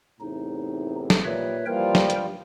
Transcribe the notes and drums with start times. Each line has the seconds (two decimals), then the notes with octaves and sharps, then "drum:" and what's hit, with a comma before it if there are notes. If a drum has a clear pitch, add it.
0.20 E2 A2 C3 D#4
1.10 drum: snare
1.24 A#2 G3 B4 C#5 E5
1.66 E3 F3 G3 A#3 F4 A#4 C5 G5
1.95 drum: snare
2.10 G2, drum: hi-hat